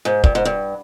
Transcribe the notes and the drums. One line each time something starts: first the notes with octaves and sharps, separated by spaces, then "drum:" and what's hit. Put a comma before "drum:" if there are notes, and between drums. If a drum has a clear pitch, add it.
G#2
G2, drum: kick
G#2
G2